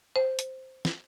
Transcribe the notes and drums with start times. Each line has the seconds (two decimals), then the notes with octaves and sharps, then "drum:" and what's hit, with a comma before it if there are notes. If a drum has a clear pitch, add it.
0.16 C5
0.39 drum: hi-hat
0.85 drum: snare